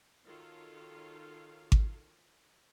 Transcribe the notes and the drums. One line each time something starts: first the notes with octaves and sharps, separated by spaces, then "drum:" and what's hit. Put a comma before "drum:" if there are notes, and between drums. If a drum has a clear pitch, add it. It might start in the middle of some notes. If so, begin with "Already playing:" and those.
D#3 F4 F#4 A4 C#5 F5
drum: kick G#1